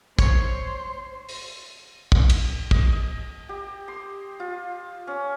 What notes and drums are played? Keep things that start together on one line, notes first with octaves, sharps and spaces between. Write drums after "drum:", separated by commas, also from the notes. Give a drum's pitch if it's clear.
C5 C#5, drum: kick
drum: open hi-hat
drum: kick
drum: cymbal
D#5, drum: kick
D#5
G4
C6
F4
C#4